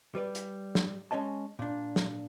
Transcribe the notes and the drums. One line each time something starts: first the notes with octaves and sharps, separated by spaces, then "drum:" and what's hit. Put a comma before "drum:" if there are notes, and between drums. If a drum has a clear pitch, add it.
G3 B4 D5
drum: hi-hat
drum: snare
G#3 C#4 C#5 D#5 A5
A#2 D4
drum: snare